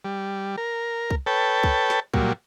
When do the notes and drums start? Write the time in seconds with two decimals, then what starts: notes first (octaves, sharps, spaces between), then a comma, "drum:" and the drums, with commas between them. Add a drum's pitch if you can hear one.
0.05 G3
0.57 A#4
1.10 drum: kick C2
1.26 A4 B4 C#5 G5 A5
1.63 drum: kick C2
1.90 drum: snare
2.14 A#2 F#3 G3, drum: kick C2